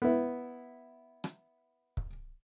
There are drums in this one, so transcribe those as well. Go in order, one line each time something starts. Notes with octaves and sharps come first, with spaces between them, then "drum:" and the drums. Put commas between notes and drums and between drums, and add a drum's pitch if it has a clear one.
B3 E4
drum: rim click
drum: kick C#1